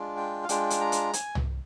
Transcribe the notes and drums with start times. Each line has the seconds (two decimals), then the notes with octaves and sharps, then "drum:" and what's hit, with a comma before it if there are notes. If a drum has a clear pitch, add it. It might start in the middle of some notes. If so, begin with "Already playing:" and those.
Already playing: G#3 D4 F4
0.17 G5
0.44 F5
0.49 G#3 D4 F4 G5, drum: hi-hat
0.70 drum: hi-hat
0.81 A#5
0.92 drum: hi-hat
1.13 G#5, drum: hi-hat
1.35 drum: tom C2